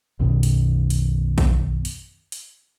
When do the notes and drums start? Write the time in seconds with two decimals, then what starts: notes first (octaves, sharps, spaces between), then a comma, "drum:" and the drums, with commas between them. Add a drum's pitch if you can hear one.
0.19 B1 F#2 B2 D#3
0.43 drum: hi-hat
0.90 drum: hi-hat
1.38 drum: kick, hi-hat
1.85 drum: hi-hat
2.32 drum: hi-hat